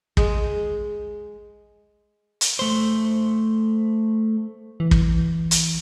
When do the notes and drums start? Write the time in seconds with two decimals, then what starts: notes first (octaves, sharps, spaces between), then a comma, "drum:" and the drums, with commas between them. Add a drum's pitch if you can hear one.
0.17 G#3, drum: kick
2.41 drum: hi-hat
2.59 A3 C5
4.80 E3
4.91 drum: kick
5.51 drum: hi-hat